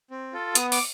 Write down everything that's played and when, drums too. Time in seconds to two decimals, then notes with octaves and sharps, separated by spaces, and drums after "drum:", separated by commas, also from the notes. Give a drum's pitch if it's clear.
0.11 C4
0.33 F4 A4
0.55 B3 D#6, drum: hi-hat
0.72 D6, drum: open hi-hat